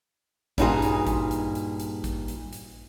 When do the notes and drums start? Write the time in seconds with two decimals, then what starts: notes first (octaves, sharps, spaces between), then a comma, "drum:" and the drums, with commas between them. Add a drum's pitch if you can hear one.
0.58 G2 A#2 D#4 F4 F#4 G#4, drum: kick, hi-hat
0.82 drum: hi-hat
1.07 drum: kick, hi-hat
1.31 drum: hi-hat
1.55 drum: hi-hat
1.80 drum: hi-hat
2.04 drum: kick, hi-hat
2.28 drum: hi-hat
2.53 drum: hi-hat